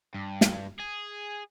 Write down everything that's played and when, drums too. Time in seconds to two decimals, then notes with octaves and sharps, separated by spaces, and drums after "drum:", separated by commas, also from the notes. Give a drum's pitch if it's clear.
0.14 G2
0.41 drum: snare
0.80 G#4